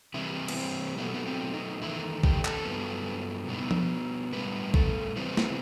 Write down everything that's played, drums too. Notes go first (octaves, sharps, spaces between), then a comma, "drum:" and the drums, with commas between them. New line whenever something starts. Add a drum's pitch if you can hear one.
C3 E3 G3 E4
B3, drum: cymbal
C4
B2 F#3 A3 B3
B3
C4
D#4
E2 D#3 A3 E4
G4, drum: kick A#1
A4, drum: clap
G2 F#3 B3
B2 G3 B3
drum: tom F3
A2 G3 B3 B4
A4, drum: kick A#1
E2 C3 E3 G3 B3 C4
drum: snare